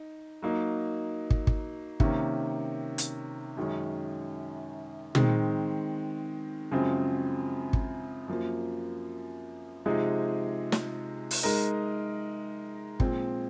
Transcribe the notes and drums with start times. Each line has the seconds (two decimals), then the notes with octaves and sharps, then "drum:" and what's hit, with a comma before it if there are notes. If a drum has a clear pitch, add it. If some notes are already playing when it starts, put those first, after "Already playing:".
Already playing: D#4
0.42 F#3 A#3 D#4
1.30 drum: kick
1.47 drum: kick
2.00 C3 D#3 A#3 C#4, drum: kick
2.98 drum: hi-hat
3.57 F#2 D#3 G#3 C#4
5.15 D#3 G#3 C4, drum: tom
6.71 F#2 C#3 F3 G#3 C4
7.73 drum: kick
8.28 F#2 F3 A#3
9.86 C3 F3 G#3 D#4 G#4
10.72 drum: snare
11.31 drum: open hi-hat
11.43 G#3 D#4 A#4 D#5
13.00 A#2 F3 G#3 C4, drum: kick